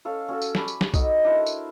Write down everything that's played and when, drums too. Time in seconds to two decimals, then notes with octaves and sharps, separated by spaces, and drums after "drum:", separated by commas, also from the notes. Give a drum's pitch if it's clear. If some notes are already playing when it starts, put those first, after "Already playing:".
0.05 C#4 A4 F5 C#6
0.29 C#4 F#4 A4
0.42 drum: tambourine
0.55 G#5 A5 B5 D6, drum: snare
0.68 drum: tambourine
0.81 drum: snare
0.94 D#4 F#4 A4 D#5, drum: kick, tambourine
1.24 D4 E4 A#4 C5
1.46 drum: tambourine